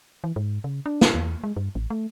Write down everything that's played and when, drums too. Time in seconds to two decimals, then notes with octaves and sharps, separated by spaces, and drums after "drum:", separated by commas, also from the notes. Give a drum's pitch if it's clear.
0.24 E3
0.36 G#2
0.64 C#3
0.86 D4
1.01 drum: snare
1.14 E2
1.44 G#3
1.56 G2
1.75 A1
1.90 A3